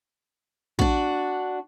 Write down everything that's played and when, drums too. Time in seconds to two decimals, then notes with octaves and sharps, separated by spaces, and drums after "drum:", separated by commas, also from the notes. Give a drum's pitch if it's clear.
0.79 D4 F#4, drum: kick